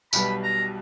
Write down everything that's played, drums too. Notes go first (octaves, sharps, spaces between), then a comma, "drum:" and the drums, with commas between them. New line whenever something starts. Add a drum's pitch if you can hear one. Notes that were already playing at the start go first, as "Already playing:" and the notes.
B1 B2 G3 B3 B5, drum: tambourine
A#5